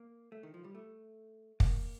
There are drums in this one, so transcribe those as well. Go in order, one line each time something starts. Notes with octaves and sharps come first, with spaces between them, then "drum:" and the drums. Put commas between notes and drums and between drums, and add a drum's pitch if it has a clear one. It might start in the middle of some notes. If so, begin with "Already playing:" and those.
Already playing: A#3
A3
D#3
F3
G3
A3
A#3, drum: kick